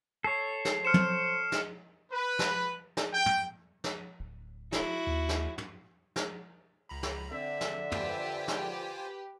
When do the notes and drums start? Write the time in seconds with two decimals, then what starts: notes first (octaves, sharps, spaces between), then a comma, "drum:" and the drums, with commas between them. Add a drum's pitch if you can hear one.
0.24 A4 C#5 C7
0.65 drum: snare
0.85 C5 F6 C#7 E7
0.94 drum: tom
1.52 drum: snare
2.11 B4
2.39 drum: snare
2.97 drum: snare
3.14 G5
3.26 drum: tom
3.84 drum: snare
4.20 D1
4.72 E4 F#4, drum: snare
5.07 D#2
5.29 drum: snare
5.58 drum: tom
6.16 drum: snare
6.89 C#2 A#5 B5
7.03 drum: snare
7.32 D3 C4 E5
7.61 drum: snare
7.92 F4 G4 B4 C5 G#5, drum: tom
8.48 drum: snare